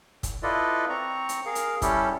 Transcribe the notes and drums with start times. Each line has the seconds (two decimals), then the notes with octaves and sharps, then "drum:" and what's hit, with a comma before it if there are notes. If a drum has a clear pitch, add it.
0.23 drum: kick, hi-hat
0.43 E4 F4 A4 B4 D5 D#5
0.89 C4 A#5 C#6
1.29 drum: hi-hat
1.45 G#4 A#4 F5
1.55 drum: hi-hat
1.82 G3 C#4 E4 G4 A4, drum: kick, hi-hat